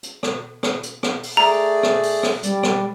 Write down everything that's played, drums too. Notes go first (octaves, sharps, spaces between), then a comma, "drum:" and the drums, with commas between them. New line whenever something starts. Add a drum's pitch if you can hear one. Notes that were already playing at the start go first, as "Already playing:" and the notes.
drum: hi-hat
drum: rim click
drum: rim click
drum: hi-hat
drum: rim click
drum: open hi-hat
A3 G#4 D5 A#5
drum: rim click
drum: open hi-hat
drum: rim click
G3 D5, drum: hi-hat
drum: rim click